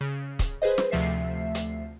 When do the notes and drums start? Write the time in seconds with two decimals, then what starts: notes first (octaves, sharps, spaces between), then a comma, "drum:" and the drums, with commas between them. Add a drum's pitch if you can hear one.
0.01 C#3
0.39 drum: kick, hi-hat
0.62 G#4 B4 C5 D#5
0.78 drum: snare
0.91 D2 C3 F3 A3 E5 C7
1.55 drum: hi-hat